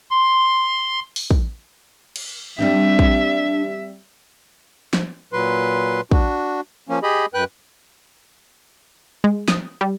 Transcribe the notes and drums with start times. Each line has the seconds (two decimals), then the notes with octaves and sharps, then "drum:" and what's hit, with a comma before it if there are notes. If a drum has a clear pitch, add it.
0.11 C6
1.16 drum: open hi-hat
1.31 drum: kick
2.16 drum: cymbal
2.59 G3 C4 D4 G4 E5
2.99 drum: kick
4.93 drum: snare
5.33 A#2 F#3 B4 C6
6.11 D4 F#4, drum: kick
6.89 F3 A#3 C#4
7.03 G4 G#4 D#5 B5
7.34 F#2 B4 G5 F#6
9.24 G#3
9.48 D#6, drum: snare
9.81 G3